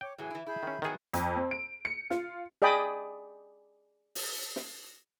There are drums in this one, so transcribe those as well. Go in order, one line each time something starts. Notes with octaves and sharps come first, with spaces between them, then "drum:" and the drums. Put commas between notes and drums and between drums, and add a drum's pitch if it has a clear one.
C#5 G5 D6
A2 E3 F#3 G#4 G#5
E3 E4
E4 G#4 B5 G6
D#3 C#4
D#3 F#3 B3 G#4 A#4 G#5
F2, drum: hi-hat
C4
D7
C#7
F4, drum: snare
G#4 D5 D#5 G5 B5 D#6
drum: open hi-hat
drum: snare